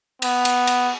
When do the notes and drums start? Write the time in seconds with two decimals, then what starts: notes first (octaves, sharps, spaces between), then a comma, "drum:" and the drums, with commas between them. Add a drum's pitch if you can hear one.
0.22 B3, drum: cymbal
0.45 drum: cymbal
0.67 drum: cymbal